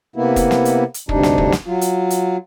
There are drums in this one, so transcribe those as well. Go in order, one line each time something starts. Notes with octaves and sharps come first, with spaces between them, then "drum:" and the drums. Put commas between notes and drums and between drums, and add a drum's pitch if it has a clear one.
C3 A#3 B3 E4
drum: kick, hi-hat
drum: snare
drum: hi-hat
drum: hi-hat
D2 G2 C3 D4 D#4, drum: kick
drum: snare
drum: kick
drum: snare
F#3 F4
drum: hi-hat
drum: hi-hat